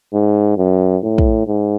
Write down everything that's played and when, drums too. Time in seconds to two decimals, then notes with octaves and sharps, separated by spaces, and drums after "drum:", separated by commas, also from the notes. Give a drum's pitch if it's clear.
0.13 G#2
0.58 F#2
1.03 A2
1.18 drum: kick
1.47 G#2